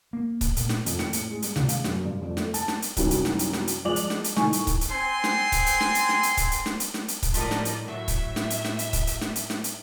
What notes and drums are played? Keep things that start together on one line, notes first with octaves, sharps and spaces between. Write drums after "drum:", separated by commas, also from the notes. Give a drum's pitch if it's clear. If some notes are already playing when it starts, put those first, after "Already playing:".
A#3
drum: kick C#1, hi-hat
A#2, drum: hi-hat
drum: snare
F2, drum: hi-hat
C#7, drum: snare
A2, drum: hi-hat
G#3
G3, drum: hi-hat
C#2, drum: snare
F5, drum: hi-hat
F#2, drum: snare
G2
F2
A3, drum: snare
A5, drum: hi-hat
drum: snare
drum: hi-hat
C2 F#2 D#3 F#3 G3, drum: kick C#1, hi-hat
drum: hi-hat
drum: snare
drum: hi-hat
drum: snare
drum: hi-hat
F3 G#3 D5 D6 F7 F#7
drum: hi-hat
drum: snare
drum: hi-hat
A2 D#3 G#5 C#6, drum: snare
drum: hi-hat
drum: kick C#1, hi-hat
drum: hi-hat
C4 C5 G#5 C6
drum: snare
drum: kick C#1, hi-hat
drum: hi-hat
drum: snare
drum: hi-hat
drum: snare
drum: hi-hat
drum: kick C#1, hi-hat
drum: hi-hat
drum: snare
drum: hi-hat
drum: snare
drum: hi-hat
drum: kick C#1, hi-hat
A2 F3 G3 A#4 D5 D#5, drum: hi-hat
drum: snare
drum: hi-hat
A2 F#3 E5
drum: kick C#1, hi-hat
drum: snare
drum: hi-hat
drum: snare
drum: hi-hat
drum: kick C#1, hi-hat
drum: hi-hat
drum: snare
drum: hi-hat
drum: snare
drum: hi-hat